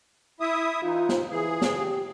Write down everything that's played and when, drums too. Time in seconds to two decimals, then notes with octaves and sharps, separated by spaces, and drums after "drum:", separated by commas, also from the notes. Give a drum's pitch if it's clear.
0.40 E4 E5 D#6
0.83 E3 D#4 F4
1.09 drum: snare
1.30 E3 G#4
1.62 drum: snare
1.76 G4